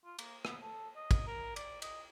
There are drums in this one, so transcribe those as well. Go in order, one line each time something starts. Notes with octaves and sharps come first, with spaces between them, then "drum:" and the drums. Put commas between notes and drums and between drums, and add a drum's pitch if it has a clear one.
F4
A#3, drum: cymbal
B3, drum: rim click
A4
D#5
drum: kick, cymbal
A#4
D5, drum: cymbal
D#5, drum: cymbal